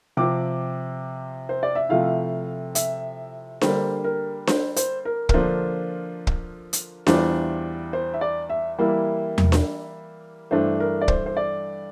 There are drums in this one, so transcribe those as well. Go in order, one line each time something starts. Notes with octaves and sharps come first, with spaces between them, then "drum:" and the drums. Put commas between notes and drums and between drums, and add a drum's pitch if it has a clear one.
C3 F3 C4 D6
C5
D5
E5
C3 F3 A3 E4 F5
E5, drum: hi-hat
D3 G3 A#3 C5, drum: snare D4
A#4
C5, drum: snare D4
C5, drum: hi-hat
A#4
A#4, drum: kick
D3 F3 A#3 D4 F4 C5
drum: kick
drum: hi-hat
E2 E3 G3 D4 F4 C5, drum: snare D4
C5
E5
D5
E5
E3 G3 A#3 E4
drum: tom E2
drum: snare D4
G2 E3 A3 D4 C5
A#4
D5
C5, drum: kick
C5
D5